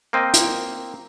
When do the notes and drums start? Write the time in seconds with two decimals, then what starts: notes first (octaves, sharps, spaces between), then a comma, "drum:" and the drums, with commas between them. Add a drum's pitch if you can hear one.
0.13 A#3 C4 D#5
0.34 drum: hi-hat